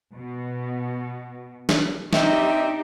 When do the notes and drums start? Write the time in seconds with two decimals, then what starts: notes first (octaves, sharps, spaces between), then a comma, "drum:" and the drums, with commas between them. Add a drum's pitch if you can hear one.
0.16 B2
1.69 drum: snare
2.13 C4 D4 D#4 G4 D#5 E5, drum: snare